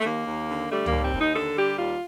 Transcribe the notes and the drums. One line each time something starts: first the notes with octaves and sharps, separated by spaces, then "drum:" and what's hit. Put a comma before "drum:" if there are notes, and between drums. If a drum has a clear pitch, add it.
A3
D#2 A#3
D#2
D3
G3 A3
A#3, drum: tom C#2
D#2
C4
D#2, drum: kick
D#4
D3 A4
G3 G4
D#2 F4